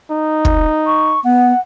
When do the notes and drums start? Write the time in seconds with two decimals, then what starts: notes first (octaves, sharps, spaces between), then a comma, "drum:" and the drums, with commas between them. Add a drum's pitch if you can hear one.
0.11 D#4
0.45 drum: kick
0.86 C#6
1.24 B3 F#5